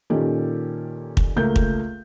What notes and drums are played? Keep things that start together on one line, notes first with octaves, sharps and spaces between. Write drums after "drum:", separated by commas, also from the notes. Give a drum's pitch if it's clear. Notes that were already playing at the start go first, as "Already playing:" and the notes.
A#2 D#3 C#4 G4 A4
drum: kick
C#2 A3 A#3 G6
drum: kick